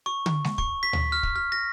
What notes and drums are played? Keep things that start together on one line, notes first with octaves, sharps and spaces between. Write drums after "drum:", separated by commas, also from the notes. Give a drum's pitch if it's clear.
C#6
drum: tom D3
drum: snare G#3
C#6, drum: kick
B6
drum: tom D2
F6
drum: kick
F6
A#6